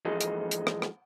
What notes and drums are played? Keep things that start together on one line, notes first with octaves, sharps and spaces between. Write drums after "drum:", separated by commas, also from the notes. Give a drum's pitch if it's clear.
G#2 E3 F3 G#4 A4 D#5
drum: hi-hat
drum: hi-hat
drum: rim click
drum: rim click